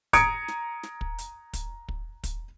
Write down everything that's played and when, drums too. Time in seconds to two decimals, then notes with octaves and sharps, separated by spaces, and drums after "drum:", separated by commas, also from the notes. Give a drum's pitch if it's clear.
0.13 A#5 D#6 G#6 C#7 D7, drum: kick, hi-hat
0.48 drum: snare
0.83 drum: snare
1.01 drum: kick
1.18 drum: hi-hat
1.53 drum: kick, hi-hat
1.88 drum: kick
2.24 drum: kick, hi-hat